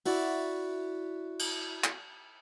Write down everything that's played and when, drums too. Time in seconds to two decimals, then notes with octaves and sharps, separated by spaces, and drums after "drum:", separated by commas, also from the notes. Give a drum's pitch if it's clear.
0.05 E4 F#4 D5, drum: open hi-hat
1.39 drum: cymbal
1.84 drum: clap